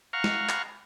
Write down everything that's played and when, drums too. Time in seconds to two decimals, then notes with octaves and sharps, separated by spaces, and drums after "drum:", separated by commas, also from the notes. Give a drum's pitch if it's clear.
0.13 F5 F#5 A#5 C#6 F6
0.24 drum: snare
0.49 drum: clap